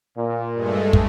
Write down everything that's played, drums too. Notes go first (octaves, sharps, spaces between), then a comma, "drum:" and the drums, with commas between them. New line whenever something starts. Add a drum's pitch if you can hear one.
A#2
G2 G#3 A3
drum: kick